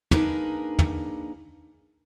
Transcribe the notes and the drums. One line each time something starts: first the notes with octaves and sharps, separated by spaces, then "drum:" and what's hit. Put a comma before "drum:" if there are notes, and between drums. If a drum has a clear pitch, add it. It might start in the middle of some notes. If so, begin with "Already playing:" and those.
A#3 D4 D#4 G#4 A#4 B4, drum: tom
drum: tom